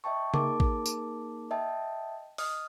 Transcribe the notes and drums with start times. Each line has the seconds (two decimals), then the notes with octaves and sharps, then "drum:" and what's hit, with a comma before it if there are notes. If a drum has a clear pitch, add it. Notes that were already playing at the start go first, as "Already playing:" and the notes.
0.04 D#5 E5 G5 A5 C#6
0.34 A#3 D#4 G#4 A#4 A5 D6, drum: tom C#3
0.60 drum: kick
0.86 drum: tambourine
1.51 D#5 E5 G5 A5
2.38 D#5 D#6 F6, drum: open hi-hat